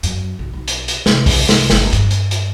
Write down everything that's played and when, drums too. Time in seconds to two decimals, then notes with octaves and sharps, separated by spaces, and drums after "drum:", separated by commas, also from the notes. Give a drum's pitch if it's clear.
0.03 F#2, drum: hi-hat
0.39 B1
0.53 B1
0.68 drum: hi-hat
0.88 drum: hi-hat
1.06 C3, drum: snare
1.26 C#3, drum: kick, open hi-hat
1.49 C2, drum: snare
1.70 F#1, drum: snare
1.93 G2, drum: hi-hat
2.11 drum: hi-hat
2.31 drum: hi-hat